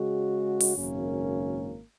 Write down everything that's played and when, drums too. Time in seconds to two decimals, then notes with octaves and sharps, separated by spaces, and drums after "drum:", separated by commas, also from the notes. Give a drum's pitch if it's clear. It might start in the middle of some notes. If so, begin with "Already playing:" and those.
Already playing: C#3 G#3 F#4
0.60 drum: open hi-hat
0.75 G#1 F#2 C#3 A#3 C#4